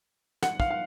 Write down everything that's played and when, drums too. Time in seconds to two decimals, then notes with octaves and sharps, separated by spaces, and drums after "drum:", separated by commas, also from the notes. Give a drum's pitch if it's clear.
0.43 F#5, drum: snare
0.60 F5, drum: kick
0.71 F5